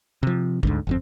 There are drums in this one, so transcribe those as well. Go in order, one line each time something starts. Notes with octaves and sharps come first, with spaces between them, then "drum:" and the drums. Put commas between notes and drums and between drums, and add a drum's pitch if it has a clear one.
C3 F3
D2 G#2 D3, drum: kick
G1 F2 C4